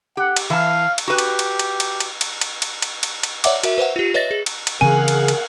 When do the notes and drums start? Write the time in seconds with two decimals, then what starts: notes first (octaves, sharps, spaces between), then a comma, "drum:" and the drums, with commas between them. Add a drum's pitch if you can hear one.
0.17 G4 F#5
0.36 drum: cymbal
0.50 E3 F5 A5
0.98 drum: cymbal
1.08 F#4 G4 B4
1.18 drum: cymbal
1.39 drum: cymbal
1.59 drum: cymbal
1.80 drum: cymbal
2.00 drum: cymbal
2.21 drum: cymbal
2.41 drum: cymbal
2.62 drum: cymbal
2.82 drum: cymbal
3.03 drum: cymbal
3.23 drum: cymbal
3.44 C#5 D5 E5 F#5 D6, drum: cymbal
3.63 F#4 A#4 E5, drum: cymbal
3.78 B4 C5 E5 F#5
3.96 F4 G4
4.14 B4 C#5 D#5 E5 A6 A#6
4.31 G#4
4.46 drum: cymbal
4.67 drum: cymbal
4.81 C#3 E3 C4 G#4 A#4 F5 F#5 G#5
5.08 drum: cymbal
5.28 drum: cymbal